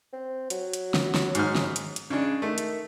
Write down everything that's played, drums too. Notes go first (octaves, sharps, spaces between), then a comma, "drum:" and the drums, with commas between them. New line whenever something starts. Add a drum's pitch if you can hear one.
C4
F#3, drum: hi-hat
drum: hi-hat
drum: snare
drum: snare
G#2 F6, drum: hi-hat
drum: snare
drum: hi-hat
drum: hi-hat
C#3 G#3 D4
D#3 A3
drum: hi-hat